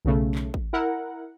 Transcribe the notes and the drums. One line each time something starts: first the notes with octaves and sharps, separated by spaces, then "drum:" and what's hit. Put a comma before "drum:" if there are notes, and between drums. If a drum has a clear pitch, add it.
B1 C#3 A3
drum: clap
drum: kick
E4 A#4 F#5